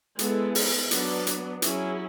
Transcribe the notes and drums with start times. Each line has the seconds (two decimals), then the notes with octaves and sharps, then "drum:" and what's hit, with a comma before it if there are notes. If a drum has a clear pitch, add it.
0.19 G#3 B3 E4 A4, drum: hi-hat
0.55 drum: open hi-hat
0.91 F#3 B3 D4, drum: hi-hat
1.27 drum: hi-hat
1.62 F#3 C#4 E4 G#4, drum: hi-hat